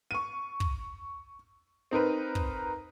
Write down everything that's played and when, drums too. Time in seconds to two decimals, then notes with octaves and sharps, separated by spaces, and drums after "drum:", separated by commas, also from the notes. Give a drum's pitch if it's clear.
0.11 C#6 D#7
0.60 drum: kick
1.91 C4 D#4 A#4 B4
2.35 drum: kick